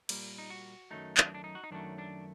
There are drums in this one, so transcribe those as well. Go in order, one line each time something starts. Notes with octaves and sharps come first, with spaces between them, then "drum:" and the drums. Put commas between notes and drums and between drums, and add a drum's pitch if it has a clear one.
A#2 G3 A#3, drum: cymbal
D#4
F#4
F#2 D#3 F#3 A3 D#4
D4, drum: clap
D4
D#4
F#4
D#4
F#2 D#3 F#3 A3 D4
D4